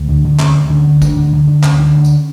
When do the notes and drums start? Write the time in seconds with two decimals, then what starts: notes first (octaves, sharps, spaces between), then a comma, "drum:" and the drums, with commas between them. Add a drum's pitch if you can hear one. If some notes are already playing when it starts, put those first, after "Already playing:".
Already playing: D2
0.08 D3
0.24 D3
0.39 D2 C#4, drum: clap
0.55 D2
0.70 D3
0.86 D2
1.02 D2 D4, drum: kick, tambourine
1.16 D3
1.33 D3
1.47 D3
1.63 D2 C#4, drum: clap
1.79 D3
1.94 D2
2.05 drum: tambourine